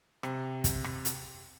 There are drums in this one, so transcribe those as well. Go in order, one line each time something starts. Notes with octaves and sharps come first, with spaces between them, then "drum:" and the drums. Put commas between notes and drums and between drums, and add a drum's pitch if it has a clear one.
C3, drum: rim click
drum: kick, hi-hat
drum: rim click
drum: hi-hat